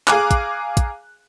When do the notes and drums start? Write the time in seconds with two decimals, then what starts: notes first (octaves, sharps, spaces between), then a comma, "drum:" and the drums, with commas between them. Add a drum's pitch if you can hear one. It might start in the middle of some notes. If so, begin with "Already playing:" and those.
0.08 G#4 F5 G#5 A#5 D6 F#6, drum: clap
0.31 drum: kick, hi-hat
0.77 drum: kick, hi-hat